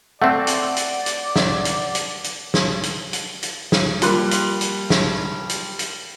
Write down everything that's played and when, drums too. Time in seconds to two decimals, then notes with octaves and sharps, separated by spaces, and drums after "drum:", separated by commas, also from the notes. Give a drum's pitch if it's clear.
0.22 A3 C4 D5 F#5
0.47 drum: hi-hat
0.77 drum: hi-hat
1.06 drum: hi-hat
1.36 drum: snare
1.65 drum: hi-hat
1.95 drum: hi-hat
2.24 drum: hi-hat
2.54 drum: snare
2.83 drum: hi-hat
3.13 drum: hi-hat
3.43 drum: hi-hat
3.72 drum: snare
4.02 F3 G3 A#3 C6 F#6, drum: hi-hat
4.31 drum: hi-hat
4.61 drum: hi-hat
4.90 drum: snare
5.49 drum: hi-hat
5.79 drum: hi-hat